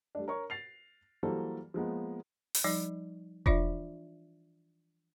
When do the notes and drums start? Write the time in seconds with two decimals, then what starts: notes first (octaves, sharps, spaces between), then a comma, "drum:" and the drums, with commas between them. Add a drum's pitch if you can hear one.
0.15 G3 A3 D4
0.28 A#4 C#5 C#6
0.50 A6 C7 F7
1.23 E3 F#3 G3 A#3 A4 C5
1.74 F3 G#3 A#3 B3
2.55 drum: open hi-hat
2.64 F3 G3 D#4
3.46 E3 D4 F4 D5 E5, drum: kick E1